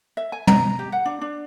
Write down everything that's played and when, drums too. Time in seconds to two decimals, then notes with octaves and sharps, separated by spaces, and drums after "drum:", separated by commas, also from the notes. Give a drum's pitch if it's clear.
0.17 E5
0.32 G#5
0.47 A#5, drum: tom
0.79 G4
0.92 F#5
1.05 D4
1.21 D4